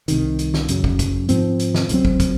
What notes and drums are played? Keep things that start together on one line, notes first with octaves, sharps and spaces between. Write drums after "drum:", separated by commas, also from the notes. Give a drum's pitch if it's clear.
C2 C3 D#3, drum: hi-hat
drum: hi-hat
drum: snare
F#2 C#3 F#3, drum: hi-hat
drum: kick
drum: kick, hi-hat
G#2 F3 C4, drum: hi-hat
drum: hi-hat
drum: snare
C#2 C3 F#3 C4, drum: hi-hat
drum: kick
drum: kick, hi-hat